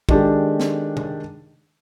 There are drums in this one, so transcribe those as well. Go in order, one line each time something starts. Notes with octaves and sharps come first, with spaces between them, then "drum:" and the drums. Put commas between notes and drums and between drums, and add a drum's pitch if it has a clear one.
D#3 G#3 D4 G4 A4, drum: kick
drum: snare
drum: tom